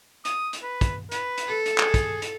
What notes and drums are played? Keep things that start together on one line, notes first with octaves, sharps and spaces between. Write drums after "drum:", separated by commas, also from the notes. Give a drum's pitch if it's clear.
D#6, drum: hi-hat
drum: hi-hat
B4
drum: kick, hi-hat
B4, drum: hi-hat
drum: hi-hat
A4
drum: hi-hat
G#4, drum: clap
drum: kick, hi-hat
drum: hi-hat